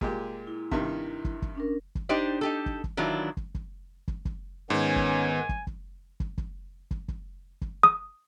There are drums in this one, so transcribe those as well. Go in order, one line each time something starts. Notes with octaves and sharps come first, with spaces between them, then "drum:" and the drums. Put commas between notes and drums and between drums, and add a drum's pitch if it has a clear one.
A#2 G#3 G4, drum: kick
E4
G2 C3 D#3, drum: kick
drum: kick
drum: kick
C#4 D4 A#4
drum: kick
D4 D#4 G4 C5 D5
D#4 G4 A4
drum: kick
drum: kick
D#3 E3 F#3 D4 E4 F4
drum: kick
drum: kick
drum: kick
drum: kick
G#2 D#3 B3 C#4 B4 G#5
drum: kick
drum: kick
drum: kick
drum: kick
drum: kick
drum: kick
drum: kick
drum: kick
D#6